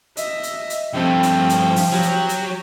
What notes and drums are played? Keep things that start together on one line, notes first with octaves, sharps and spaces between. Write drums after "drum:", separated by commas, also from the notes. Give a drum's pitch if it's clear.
D#5 E5, drum: hi-hat
drum: hi-hat
drum: hi-hat
G2 F3 A3 C4 G4 G5
drum: hi-hat
drum: hi-hat
drum: open hi-hat
F#3 G4
drum: hi-hat
drum: hi-hat